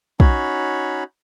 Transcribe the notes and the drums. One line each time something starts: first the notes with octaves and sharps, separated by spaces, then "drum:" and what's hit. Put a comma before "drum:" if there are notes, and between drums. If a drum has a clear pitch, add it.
C#4 D#4 F#4 C#5 B5, drum: kick